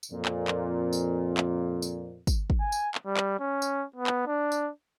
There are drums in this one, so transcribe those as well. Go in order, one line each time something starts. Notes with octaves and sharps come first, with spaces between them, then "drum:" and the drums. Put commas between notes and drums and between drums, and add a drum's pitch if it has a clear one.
drum: tambourine
F2 A#2
drum: clap
drum: clap
drum: tambourine
drum: clap
drum: tambourine
drum: kick, tambourine
drum: kick
G#5
drum: tambourine
drum: clap
G3
drum: clap
C#4
drum: tambourine
B3
drum: clap
D4
drum: tambourine